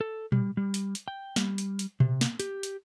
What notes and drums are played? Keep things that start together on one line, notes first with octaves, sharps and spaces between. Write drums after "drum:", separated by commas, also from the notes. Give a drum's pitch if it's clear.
A4
G3, drum: tom A#2
G3
drum: hi-hat
drum: hi-hat
G5
G3, drum: snare
drum: hi-hat
drum: hi-hat
C3, drum: tom A#2
drum: snare
G4, drum: hi-hat
drum: hi-hat